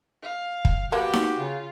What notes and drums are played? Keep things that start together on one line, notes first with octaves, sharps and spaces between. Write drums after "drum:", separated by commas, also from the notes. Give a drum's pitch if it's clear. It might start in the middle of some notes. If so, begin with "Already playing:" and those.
F5
drum: kick
A#3 B3 F#4 G4 F#5
drum: snare D#4
C#3 F4